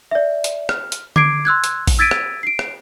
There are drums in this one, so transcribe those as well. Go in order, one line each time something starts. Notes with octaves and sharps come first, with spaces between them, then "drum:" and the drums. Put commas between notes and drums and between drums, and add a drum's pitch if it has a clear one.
D5 E5
drum: hi-hat
F6, drum: rim click
drum: hi-hat
D6 G#6 C7 D7, drum: tom D3
C6 E6 F#6 G#6
drum: hi-hat
drum: kick A#1, open hi-hat
E6 G#6 A6 B6 D7 D#7
drum: rim click
C7 D7
drum: rim click